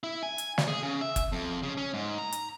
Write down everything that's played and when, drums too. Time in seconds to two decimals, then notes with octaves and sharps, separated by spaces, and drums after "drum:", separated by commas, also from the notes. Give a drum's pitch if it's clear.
0.04 E4
0.23 G#5
0.38 drum: hi-hat
0.58 drum: snare
0.68 G#4
0.83 C#3
1.01 E5
1.16 drum: kick F#1, hi-hat
1.32 F2
1.63 C#3
1.77 C#4
1.94 G#2
2.18 A#5
2.32 drum: hi-hat